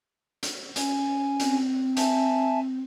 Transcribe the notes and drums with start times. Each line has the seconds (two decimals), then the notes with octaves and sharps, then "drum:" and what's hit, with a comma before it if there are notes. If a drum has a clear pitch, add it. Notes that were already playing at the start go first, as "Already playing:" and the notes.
0.43 drum: hi-hat
0.76 C#4 G#5, drum: hi-hat
1.40 C4, drum: hi-hat
1.97 E5 G#5 A5, drum: hi-hat